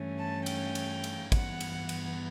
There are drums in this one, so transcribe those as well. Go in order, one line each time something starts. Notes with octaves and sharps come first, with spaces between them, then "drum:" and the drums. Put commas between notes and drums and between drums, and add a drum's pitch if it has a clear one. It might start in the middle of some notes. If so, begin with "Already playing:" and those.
Already playing: G2 E3 A3 C#4
A5
G5, drum: cymbal
drum: cymbal
drum: cymbal
G2 E3 B3 F#5, drum: kick, cymbal
drum: cymbal
drum: cymbal